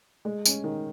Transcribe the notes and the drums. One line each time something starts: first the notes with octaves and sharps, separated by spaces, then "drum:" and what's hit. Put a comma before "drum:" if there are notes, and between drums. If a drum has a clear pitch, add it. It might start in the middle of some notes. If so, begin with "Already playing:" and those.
G#3
C#4, drum: tambourine
D#3